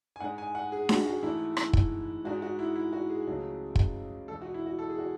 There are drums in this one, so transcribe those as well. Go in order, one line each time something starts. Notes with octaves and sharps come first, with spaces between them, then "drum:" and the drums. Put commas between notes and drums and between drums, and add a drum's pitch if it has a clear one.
G#5
G#2 G#3 F#5
G#5
F#5
G#4
F#4, drum: snare D4
F#4
G#2 E3 A3 E4
drum: rim click
drum: kick
G#2 G#3 F#4
F#4
E4
E4
F#4
G#4
C#2 C#3 F#3 A3
drum: kick
E2 B2 G#3 A4
F#4
E4
F#4
A4
G#4
F#4